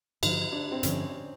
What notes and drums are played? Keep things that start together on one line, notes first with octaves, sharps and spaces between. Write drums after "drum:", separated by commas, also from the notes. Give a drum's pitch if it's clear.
G2 D3 F3 D#4, drum: cymbal
D4
C4
G2 D3 F3 C#4, drum: hi-hat